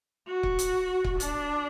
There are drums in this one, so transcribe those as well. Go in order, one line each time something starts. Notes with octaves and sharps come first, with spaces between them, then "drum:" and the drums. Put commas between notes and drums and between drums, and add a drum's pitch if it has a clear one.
F#4
drum: kick C#1
drum: hi-hat
drum: kick C#1
D4, drum: hi-hat